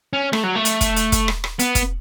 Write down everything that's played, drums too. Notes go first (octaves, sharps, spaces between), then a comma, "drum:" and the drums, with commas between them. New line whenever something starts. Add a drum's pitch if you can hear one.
C#4
A3, drum: rim click
F#3
A3
drum: hi-hat
drum: kick, hi-hat
drum: hi-hat
drum: kick, hi-hat
drum: rim click
drum: rim click
B3, drum: hi-hat
drum: kick, hi-hat